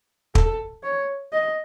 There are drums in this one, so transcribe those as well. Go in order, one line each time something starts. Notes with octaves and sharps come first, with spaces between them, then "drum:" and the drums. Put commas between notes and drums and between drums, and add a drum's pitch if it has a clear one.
A4, drum: kick
C#5
D#5